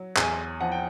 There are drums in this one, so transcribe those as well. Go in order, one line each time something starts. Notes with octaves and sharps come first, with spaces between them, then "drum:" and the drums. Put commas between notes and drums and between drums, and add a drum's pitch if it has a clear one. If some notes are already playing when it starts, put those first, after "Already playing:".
Already playing: F#3
E2 G#5, drum: clap
F3 F#5
G5